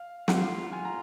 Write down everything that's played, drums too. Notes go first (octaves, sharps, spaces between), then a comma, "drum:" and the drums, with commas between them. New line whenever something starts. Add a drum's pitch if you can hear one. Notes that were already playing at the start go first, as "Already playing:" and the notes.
Already playing: F5
F4 F#5, drum: snare
F4 G#5
A#5